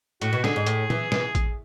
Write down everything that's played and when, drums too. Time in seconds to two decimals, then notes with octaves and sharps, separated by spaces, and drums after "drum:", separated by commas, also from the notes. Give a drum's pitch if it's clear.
0.21 A2 F#4, drum: hi-hat
0.33 B2
0.44 D3 G#4, drum: snare
0.56 G#2
0.66 A2, drum: hi-hat
0.90 E3, drum: tom A#2
1.12 E3, drum: snare
1.35 drum: kick A1, hi-hat